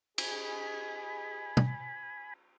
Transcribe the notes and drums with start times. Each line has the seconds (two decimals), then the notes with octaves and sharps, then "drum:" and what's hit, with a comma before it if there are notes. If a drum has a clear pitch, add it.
0.18 G4 G#4 D#5 G#5 B5, drum: cymbal
1.57 drum: tom